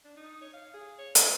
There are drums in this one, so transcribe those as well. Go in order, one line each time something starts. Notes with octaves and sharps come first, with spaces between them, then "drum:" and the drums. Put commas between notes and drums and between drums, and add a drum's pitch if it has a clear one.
D4
D#4
C#5
F5
G#4
C#5
B4, drum: hi-hat